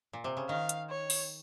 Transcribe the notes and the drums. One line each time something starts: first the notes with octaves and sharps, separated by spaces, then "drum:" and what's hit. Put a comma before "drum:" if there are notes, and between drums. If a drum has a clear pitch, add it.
A#2
C3
C#3
D#3 F5
drum: hi-hat
C#5
drum: open hi-hat